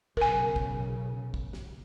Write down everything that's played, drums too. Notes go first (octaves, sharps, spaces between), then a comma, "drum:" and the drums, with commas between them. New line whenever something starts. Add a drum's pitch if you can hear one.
B1 C#3 A#4 G#5, drum: kick
drum: kick
drum: kick
drum: snare